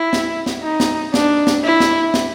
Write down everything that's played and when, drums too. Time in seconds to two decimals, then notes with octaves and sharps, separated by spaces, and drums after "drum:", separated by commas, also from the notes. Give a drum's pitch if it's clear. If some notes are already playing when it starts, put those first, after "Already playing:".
Already playing: E4
0.13 drum: snare
0.46 drum: snare
0.63 D#4
0.80 drum: snare
1.14 D4, drum: snare
1.47 drum: snare
1.64 E4
1.80 drum: snare
2.14 drum: snare